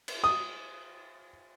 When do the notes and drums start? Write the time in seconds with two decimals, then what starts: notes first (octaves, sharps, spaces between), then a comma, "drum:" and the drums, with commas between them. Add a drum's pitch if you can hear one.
0.08 drum: cymbal
0.24 D#6